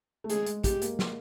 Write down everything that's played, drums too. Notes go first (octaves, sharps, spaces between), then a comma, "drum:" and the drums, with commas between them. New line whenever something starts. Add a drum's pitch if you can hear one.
A3
G#3 G#4, drum: hi-hat
G#3, drum: hi-hat
G#3 G4, drum: kick, hi-hat
A#3, drum: hi-hat
drum: snare